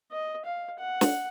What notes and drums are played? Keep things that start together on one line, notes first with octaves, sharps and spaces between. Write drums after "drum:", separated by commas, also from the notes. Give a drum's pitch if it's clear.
D#5
F5
F#5
drum: snare